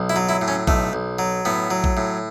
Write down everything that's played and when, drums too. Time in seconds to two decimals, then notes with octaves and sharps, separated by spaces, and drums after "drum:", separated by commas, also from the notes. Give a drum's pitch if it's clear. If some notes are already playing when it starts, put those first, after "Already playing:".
Already playing: B1
0.10 E4
0.16 F#3
0.29 E4
0.41 A2
0.48 C#4
0.67 B1 A3, drum: kick A#1
0.93 B1
1.19 F#3
1.45 A2 B3
1.71 F#3
1.84 drum: kick A#1
1.97 A2